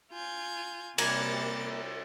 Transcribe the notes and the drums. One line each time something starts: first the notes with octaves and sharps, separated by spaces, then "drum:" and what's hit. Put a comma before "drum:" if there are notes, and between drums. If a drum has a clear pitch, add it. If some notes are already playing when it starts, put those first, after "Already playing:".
F4 G#5 G6
C3 G3 A#3 G#5 A6, drum: cymbal